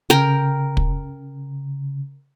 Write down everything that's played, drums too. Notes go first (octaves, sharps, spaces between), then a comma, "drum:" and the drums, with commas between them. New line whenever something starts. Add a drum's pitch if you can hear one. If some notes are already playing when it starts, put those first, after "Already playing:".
C#3 A#4 G5, drum: snare
drum: kick